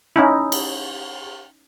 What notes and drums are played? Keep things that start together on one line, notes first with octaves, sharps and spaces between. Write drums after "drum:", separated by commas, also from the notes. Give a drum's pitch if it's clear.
C#4 D#4 E4
drum: cymbal